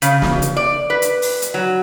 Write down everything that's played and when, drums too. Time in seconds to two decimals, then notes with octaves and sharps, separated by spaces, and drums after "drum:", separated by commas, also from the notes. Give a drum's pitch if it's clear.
0.02 C#3, drum: hi-hat
0.22 drum: snare
0.42 drum: hi-hat
0.57 D5
0.90 B4
1.02 drum: hi-hat
1.22 drum: open hi-hat
1.42 drum: hi-hat
1.54 F#3